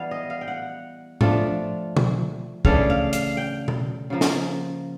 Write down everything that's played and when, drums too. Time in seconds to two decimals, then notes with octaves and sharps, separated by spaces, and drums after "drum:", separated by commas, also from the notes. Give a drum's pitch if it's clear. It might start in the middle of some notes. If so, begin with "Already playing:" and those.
Already playing: E3 G3 B3 F5
0.11 D#5
0.30 F5
0.41 G5
0.48 F#5
1.21 F3 A3 D4 F4, drum: tom G#2
1.97 drum: tom B2
2.65 C#3 E3 A3 D4 F5, drum: kick
2.90 F5
3.13 F5, drum: hi-hat
3.37 G5
3.68 drum: tom B2
4.10 C#3 F3 A#3
4.21 drum: snare